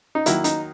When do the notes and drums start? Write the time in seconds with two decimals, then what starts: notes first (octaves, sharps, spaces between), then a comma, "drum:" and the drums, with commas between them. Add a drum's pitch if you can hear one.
0.15 D#4
0.26 D#3 F#3 A#3 E4, drum: hi-hat
0.44 D#4, drum: hi-hat